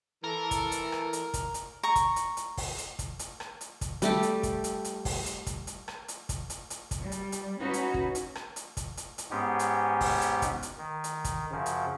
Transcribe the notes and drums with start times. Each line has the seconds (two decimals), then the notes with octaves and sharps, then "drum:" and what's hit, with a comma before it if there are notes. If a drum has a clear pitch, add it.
0.24 E3 A4 A#4
0.51 drum: kick, hi-hat
0.72 drum: hi-hat
0.92 drum: rim click
1.13 drum: hi-hat
1.34 drum: kick, hi-hat
1.54 drum: hi-hat
1.83 A#5 C#6
1.95 drum: kick, hi-hat
2.16 drum: hi-hat
2.37 drum: hi-hat
2.57 drum: kick, open hi-hat
2.78 drum: hi-hat
2.99 drum: kick, hi-hat
3.19 drum: hi-hat
3.40 drum: rim click
3.61 drum: hi-hat
3.81 drum: kick, hi-hat
4.02 G3 A3 G4, drum: hi-hat
4.23 drum: hi-hat
4.43 drum: kick, hi-hat
4.64 drum: hi-hat
4.84 drum: hi-hat
5.05 drum: kick, open hi-hat
5.26 drum: hi-hat
5.46 drum: kick, hi-hat
5.67 drum: hi-hat
5.88 drum: rim click
6.08 drum: hi-hat
6.29 drum: kick, hi-hat
6.50 drum: hi-hat
6.70 drum: hi-hat
6.91 drum: kick, hi-hat
7.01 G3
7.12 drum: hi-hat
7.32 drum: hi-hat
7.59 C#4 D#4 F#4 B4
7.74 drum: hi-hat
7.94 drum: kick
8.15 drum: hi-hat
8.35 drum: rim click
8.56 drum: hi-hat
8.77 drum: kick, hi-hat
8.97 drum: hi-hat
9.18 drum: hi-hat
9.31 G#2 G#3 B3 C#4 G4
9.59 drum: hi-hat
10.01 drum: kick, open hi-hat
10.21 drum: hi-hat
10.42 drum: kick, hi-hat
10.63 drum: hi-hat
10.78 D#3
11.04 drum: hi-hat
11.24 drum: kick, hi-hat
11.52 F#2 C#3 F3
11.66 drum: hi-hat